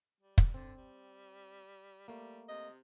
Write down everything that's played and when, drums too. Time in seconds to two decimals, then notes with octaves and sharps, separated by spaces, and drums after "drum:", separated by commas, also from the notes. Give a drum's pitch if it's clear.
0.20 G3
0.38 drum: kick
0.54 D3 C4
0.78 G3
2.08 G3 A3 A#3
2.49 C3 D#5